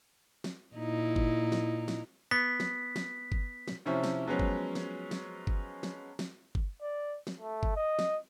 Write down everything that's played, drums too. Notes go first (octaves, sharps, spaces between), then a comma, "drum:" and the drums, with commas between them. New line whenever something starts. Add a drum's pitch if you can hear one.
drum: snare
A#2 D#4 E4
drum: kick G1
drum: snare
drum: snare
B3 B6
drum: snare
drum: snare
drum: kick G1
drum: snare
C3 F3 C#4 E4
drum: snare
F3 F#3 G#3 B3 C#4
drum: kick G1
drum: snare
drum: snare
drum: kick G1
drum: snare
drum: snare
drum: kick G1
D5
drum: snare
A3
drum: kick G1
D#5
drum: snare